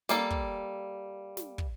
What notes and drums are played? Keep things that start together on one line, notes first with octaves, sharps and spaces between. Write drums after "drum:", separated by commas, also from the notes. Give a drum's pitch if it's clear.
G3 A#3 A4, drum: snare
drum: kick
drum: snare
drum: kick